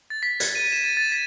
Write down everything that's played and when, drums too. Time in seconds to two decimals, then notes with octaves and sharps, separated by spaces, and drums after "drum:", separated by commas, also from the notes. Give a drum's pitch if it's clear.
0.10 A6
0.23 B6
0.40 G#6, drum: hi-hat
0.55 D#7
0.72 E7
0.84 A6
0.97 A6
1.12 B6